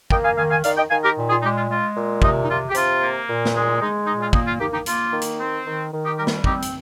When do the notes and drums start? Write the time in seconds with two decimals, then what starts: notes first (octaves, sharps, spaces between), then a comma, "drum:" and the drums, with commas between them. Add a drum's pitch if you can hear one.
0.10 A#3 D#5 G5, drum: kick
0.24 F5 G#5
0.37 D#3 F5 G#5
0.50 F5 G#5
0.64 D#3 D5 F5, drum: hi-hat
0.76 D#5 G5
0.90 D#3 F5 G#5
1.04 G4 A#4
1.17 A#2
1.29 F4 G#4
1.42 G#3 D#4 G4
1.56 F4
1.70 G#3 F4
1.96 A#2
2.22 C3 D#4, drum: kick
2.44 D#4
2.49 C3 F4
2.70 G4
2.74 C3 F4, drum: hi-hat
3.02 A#3
3.28 A#2
3.45 drum: snare
3.55 G#3
3.81 G#3 D#4
4.06 A#2 D#4
4.20 F4
4.33 A#3 D#4, drum: kick
4.47 F4
4.59 A#3 D#4 G4
4.72 D#4 G4
4.86 A#3 F4, drum: hi-hat
5.12 D#3
5.21 drum: hi-hat
5.40 C4
5.65 D#3
5.92 D#3
6.05 D#4 G4
6.18 G3 G4 A#4
6.27 drum: snare
6.44 C4 D#4 G4, drum: kick
6.62 drum: hi-hat